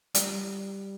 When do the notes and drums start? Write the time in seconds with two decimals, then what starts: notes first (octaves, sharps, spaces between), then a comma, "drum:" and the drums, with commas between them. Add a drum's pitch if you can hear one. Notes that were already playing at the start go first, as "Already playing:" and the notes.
0.15 G3, drum: hi-hat